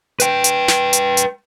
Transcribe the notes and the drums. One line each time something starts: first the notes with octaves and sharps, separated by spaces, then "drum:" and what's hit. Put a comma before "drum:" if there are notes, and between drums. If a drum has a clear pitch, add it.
B4 G5, drum: hi-hat
drum: hi-hat
drum: snare
drum: hi-hat
drum: hi-hat